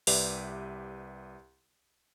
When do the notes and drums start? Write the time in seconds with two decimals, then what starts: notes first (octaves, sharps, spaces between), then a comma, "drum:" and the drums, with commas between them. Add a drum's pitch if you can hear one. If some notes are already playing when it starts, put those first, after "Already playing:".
0.07 C2 G4 B4 D5 E5, drum: open hi-hat